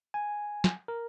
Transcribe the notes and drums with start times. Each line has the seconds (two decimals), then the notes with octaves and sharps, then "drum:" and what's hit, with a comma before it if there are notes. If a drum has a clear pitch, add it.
0.14 G#5
0.64 drum: snare
0.88 A#4